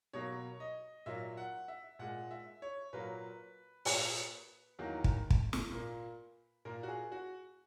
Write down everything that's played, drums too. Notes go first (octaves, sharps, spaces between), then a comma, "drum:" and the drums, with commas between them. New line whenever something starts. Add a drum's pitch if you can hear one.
B2 F#3 A#3 C#5
D#5
A#2 F#3 A#3 E5
F#5
E5
A#2 G#3 F#5
E5
C#5
A#2 F#3 A#3 B4
A#2 A#3, drum: open hi-hat
E2 D#3 F#3 A#3
drum: kick
drum: kick
drum: snare
A#2 A#3
A#2 A#3 A#4
F#4
G#4
F#4